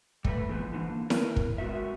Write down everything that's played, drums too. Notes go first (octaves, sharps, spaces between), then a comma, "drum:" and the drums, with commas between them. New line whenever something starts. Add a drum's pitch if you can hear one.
G3 A3 A#4 B4, drum: kick
A#2 E3 F3 G#3 A#3 B3
G#2 D3 E3
A#3
A#4 B4, drum: snare E4
drum: kick
G#3 B3 F#4 A#4 E5